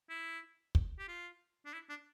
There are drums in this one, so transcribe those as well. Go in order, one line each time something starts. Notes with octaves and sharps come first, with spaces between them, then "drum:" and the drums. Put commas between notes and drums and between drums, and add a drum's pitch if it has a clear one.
E4
drum: kick
G4
F4
D4
E4
D4